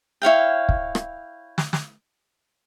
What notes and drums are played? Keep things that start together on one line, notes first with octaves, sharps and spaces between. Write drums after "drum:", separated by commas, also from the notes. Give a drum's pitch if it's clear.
E4 C#5 F5 G5
drum: kick
drum: rim click
drum: snare
drum: snare